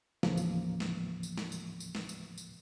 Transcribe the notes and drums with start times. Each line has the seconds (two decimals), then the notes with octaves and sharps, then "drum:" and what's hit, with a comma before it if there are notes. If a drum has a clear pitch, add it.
0.23 D#2 A2 C#3 E3 F3 A#3, drum: snare
0.37 drum: tambourine
0.80 drum: snare
1.23 drum: tambourine
1.38 drum: snare
1.52 drum: tambourine
1.80 drum: tambourine
1.95 drum: snare
2.09 drum: tambourine
2.38 drum: tambourine